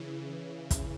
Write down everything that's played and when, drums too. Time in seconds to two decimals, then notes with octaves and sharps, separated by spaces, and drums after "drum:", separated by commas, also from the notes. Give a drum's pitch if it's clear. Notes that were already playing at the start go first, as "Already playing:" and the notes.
Already playing: C#3 E3
0.71 drum: kick, hi-hat